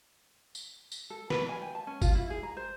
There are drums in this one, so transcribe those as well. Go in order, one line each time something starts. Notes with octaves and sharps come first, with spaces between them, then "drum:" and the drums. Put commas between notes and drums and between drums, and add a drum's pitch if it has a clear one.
drum: tambourine
drum: tambourine
A4
B4, drum: snare
G#5
G5
A5
C#4
F4, drum: kick, tambourine
E4
G#4
A#5
C5